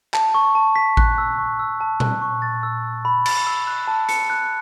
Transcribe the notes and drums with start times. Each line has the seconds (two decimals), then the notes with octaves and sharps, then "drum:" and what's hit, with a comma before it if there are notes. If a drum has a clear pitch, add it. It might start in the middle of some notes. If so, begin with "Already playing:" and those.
0.14 A5, drum: clap
0.34 C#6
0.55 A5
0.76 B6
0.97 F#6, drum: kick A1
1.18 E6
1.39 C#6
1.59 E6
1.81 A5
2.00 F#6, drum: tom A#2
2.22 C#6
2.42 A6
2.63 E6
2.84 E6
3.05 B5
3.26 A6, drum: cymbal
3.47 E6
3.67 F#6
3.88 A5
4.09 C#7, drum: hi-hat
4.30 F#6